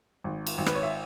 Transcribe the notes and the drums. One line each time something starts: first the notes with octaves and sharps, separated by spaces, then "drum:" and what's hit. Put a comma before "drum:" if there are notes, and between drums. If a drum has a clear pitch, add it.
G#1
drum: cymbal
G#1
B4, drum: rim click
C#5
E5